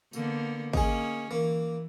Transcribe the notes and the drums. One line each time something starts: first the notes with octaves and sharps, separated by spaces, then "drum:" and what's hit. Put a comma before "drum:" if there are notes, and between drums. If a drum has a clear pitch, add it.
D3 A#3 B3, drum: tambourine
A#3 C#4 D#4 G#4, drum: kick G#1
E3 A#3